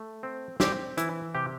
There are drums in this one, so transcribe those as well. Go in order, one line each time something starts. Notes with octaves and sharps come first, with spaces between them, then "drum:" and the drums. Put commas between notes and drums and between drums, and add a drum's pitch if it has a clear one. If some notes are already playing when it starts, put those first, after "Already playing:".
Already playing: A3
C4
C4 G4, drum: snare
E3 E4, drum: hi-hat
C3 G4